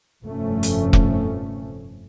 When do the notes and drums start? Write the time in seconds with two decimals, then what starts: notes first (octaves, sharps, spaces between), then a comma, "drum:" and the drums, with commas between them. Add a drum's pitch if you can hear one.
0.24 F1 G2 A#2 F3 A3 C#4
0.63 drum: hi-hat
0.93 drum: kick